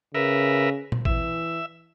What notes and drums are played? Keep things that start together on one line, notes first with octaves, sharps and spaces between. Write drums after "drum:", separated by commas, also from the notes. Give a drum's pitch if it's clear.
C#3 A#4 B4 E5
drum: tom
E3 E5, drum: kick